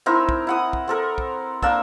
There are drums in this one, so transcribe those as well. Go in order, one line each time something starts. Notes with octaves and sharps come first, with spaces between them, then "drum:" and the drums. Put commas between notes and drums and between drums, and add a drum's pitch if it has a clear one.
C4 D#4 E4 A#4
drum: kick
E4 F#5 D#6
drum: kick
C4 A4 A#4
drum: kick
A#3 D4 A5 E6, drum: kick